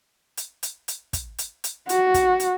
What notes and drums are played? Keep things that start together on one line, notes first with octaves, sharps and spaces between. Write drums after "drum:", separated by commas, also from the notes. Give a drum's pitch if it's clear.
drum: hi-hat
drum: hi-hat
drum: hi-hat
drum: kick, hi-hat
drum: hi-hat
drum: hi-hat
F#4, drum: hi-hat
drum: kick, hi-hat
drum: hi-hat